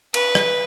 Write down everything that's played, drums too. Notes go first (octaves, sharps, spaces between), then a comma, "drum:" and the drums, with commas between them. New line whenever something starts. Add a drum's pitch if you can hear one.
B4, drum: cymbal
drum: rim click